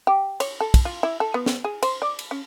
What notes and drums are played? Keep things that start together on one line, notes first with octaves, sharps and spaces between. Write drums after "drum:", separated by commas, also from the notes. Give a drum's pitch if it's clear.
G4
C#5, drum: cymbal
A4
drum: kick, cymbal
F4
E4
A4
B3
drum: snare
G#4
C5, drum: cymbal
D5
drum: cymbal
C#4